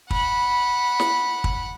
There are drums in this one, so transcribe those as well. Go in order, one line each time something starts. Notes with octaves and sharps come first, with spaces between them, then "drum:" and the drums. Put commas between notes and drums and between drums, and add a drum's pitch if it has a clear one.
F#5 B5, drum: kick
drum: snare
drum: kick